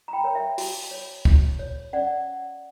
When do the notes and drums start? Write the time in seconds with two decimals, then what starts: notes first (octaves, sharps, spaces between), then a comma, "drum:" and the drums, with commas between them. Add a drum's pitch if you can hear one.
0.08 A#5
0.13 G5 B5
0.24 A#4 C#5
0.35 E5 G5
0.58 F#4, drum: open hi-hat
0.91 C#5
1.25 F#4, drum: kick
1.59 C#5
1.93 C#4 D5 F#5